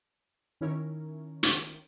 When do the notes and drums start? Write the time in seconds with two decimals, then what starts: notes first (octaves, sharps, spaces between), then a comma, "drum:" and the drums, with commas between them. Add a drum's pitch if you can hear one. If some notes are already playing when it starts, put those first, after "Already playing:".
0.61 D#3 C#4 D#4 E4 A#4 C#5
1.43 drum: hi-hat